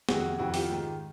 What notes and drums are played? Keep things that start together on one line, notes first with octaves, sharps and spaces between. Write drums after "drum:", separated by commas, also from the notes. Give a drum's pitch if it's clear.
F2 C3 D#3 F#4 G#4, drum: snare
F2 C3 D#3 E4 F#4
F4 G4, drum: open hi-hat
G#2 D#3